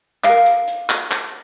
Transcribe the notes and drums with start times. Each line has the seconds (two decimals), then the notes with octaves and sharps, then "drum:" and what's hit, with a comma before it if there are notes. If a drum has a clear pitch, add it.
0.24 A#4 F5, drum: clap
0.46 drum: hi-hat
0.68 drum: hi-hat
0.90 drum: clap
1.11 drum: clap